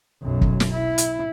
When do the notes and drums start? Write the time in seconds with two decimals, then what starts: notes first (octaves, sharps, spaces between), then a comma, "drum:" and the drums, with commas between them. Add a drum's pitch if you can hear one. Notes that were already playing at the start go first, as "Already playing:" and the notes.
0.23 B1 F#2
0.41 drum: kick
0.60 drum: snare
0.72 E4
0.98 drum: hi-hat